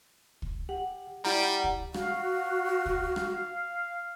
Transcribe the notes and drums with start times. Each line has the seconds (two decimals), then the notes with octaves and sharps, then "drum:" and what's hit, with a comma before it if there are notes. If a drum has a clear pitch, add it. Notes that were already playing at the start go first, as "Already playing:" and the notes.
0.42 drum: kick
0.69 G4 F#5
1.25 G3 E4 G4 D5 F#5 A#5
1.64 drum: kick
1.94 F#4 F5, drum: rim click
2.86 drum: kick
3.16 drum: rim click